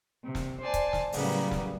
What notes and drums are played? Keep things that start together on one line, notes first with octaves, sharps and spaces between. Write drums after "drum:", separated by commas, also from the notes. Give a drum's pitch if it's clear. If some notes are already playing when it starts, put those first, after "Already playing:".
C3
drum: snare
C5 D5 G#5 A5
drum: kick, hi-hat
drum: snare
A2 C#3 F#3 G3 A#3 B3, drum: open hi-hat
drum: snare